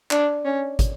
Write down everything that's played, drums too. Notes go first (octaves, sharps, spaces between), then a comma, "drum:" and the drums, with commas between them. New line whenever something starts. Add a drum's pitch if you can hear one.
D4, drum: clap
C#4
drum: kick, hi-hat